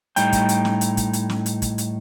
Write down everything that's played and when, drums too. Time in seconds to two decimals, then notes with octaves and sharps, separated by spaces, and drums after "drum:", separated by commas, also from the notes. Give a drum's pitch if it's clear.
0.16 A2 G3 D#4 G5, drum: hi-hat
0.33 drum: kick, hi-hat
0.49 drum: hi-hat
0.65 drum: snare
0.81 drum: hi-hat
0.97 drum: kick, hi-hat
1.13 drum: hi-hat
1.30 drum: snare
1.46 drum: hi-hat
1.62 drum: kick, hi-hat
1.78 drum: hi-hat